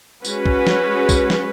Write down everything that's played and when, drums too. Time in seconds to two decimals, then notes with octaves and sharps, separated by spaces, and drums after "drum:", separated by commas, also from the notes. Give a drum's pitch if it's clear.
0.25 G#3 C#4 F#4 B4, drum: tambourine
0.46 drum: kick
0.67 drum: snare
1.09 drum: kick, tambourine
1.30 drum: snare